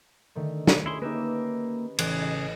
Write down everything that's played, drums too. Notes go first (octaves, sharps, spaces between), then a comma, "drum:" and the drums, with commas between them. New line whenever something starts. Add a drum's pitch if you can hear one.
D3 D#3 A3
drum: snare
C#4 E4 G#4 C6
A#3 D#4 G4 B4 E5
A1 C#3 E3 G#4 F#6 C7, drum: cymbal
D#5